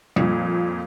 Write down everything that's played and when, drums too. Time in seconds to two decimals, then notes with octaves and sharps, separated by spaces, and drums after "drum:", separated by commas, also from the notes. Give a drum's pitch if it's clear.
0.16 F2 A#2, drum: tom G3